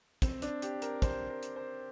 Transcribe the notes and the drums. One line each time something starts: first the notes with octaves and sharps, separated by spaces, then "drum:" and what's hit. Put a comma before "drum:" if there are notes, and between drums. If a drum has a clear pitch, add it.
C4, drum: kick, hi-hat
D4, drum: hi-hat
G4, drum: hi-hat
A#4, drum: hi-hat
C5, drum: kick, hi-hat
A#4
drum: hi-hat
C5